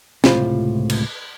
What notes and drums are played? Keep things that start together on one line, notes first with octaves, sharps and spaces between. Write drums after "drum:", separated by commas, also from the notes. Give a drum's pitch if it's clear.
C#2 A2 C3 F4 C5 B5, drum: snare
drum: cymbal